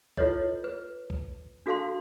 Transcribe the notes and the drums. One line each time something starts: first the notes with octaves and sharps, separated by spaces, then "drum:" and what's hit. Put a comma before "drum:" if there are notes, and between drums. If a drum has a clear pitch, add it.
E4 F4 A4 B4 C#5 D#5, drum: kick
B4
drum: kick
D4 F#4 A4 F5 A5 C6